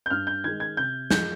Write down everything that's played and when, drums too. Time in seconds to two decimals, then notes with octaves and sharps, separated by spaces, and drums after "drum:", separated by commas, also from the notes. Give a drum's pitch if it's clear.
0.06 G6
0.10 G2 F6
0.27 G6
0.44 D#3 G#3 G#6
0.60 G#6
0.77 C3 G6
1.11 F3 G#3 G6, drum: snare